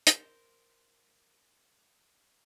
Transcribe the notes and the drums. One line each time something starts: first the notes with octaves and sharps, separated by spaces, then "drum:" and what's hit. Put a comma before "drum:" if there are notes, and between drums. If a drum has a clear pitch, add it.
A#4 C5, drum: hi-hat